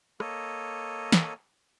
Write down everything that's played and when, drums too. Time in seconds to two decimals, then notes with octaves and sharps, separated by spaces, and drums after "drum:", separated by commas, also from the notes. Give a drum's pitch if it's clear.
0.20 A#3 A4 C#5 D#5, drum: rim click
1.12 drum: snare